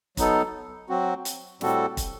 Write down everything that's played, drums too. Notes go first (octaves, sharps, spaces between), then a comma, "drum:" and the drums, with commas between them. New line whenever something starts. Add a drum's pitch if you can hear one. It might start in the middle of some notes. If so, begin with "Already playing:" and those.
F#3 B3 D#4 A4, drum: kick, hi-hat
F#3 C4 F#4
drum: hi-hat
A2 G3 C4 F#4 A4, drum: snare
drum: kick, hi-hat